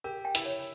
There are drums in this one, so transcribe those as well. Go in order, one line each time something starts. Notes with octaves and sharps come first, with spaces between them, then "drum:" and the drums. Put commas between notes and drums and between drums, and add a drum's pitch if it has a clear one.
G4 A#4
G5
E4, drum: hi-hat
C#5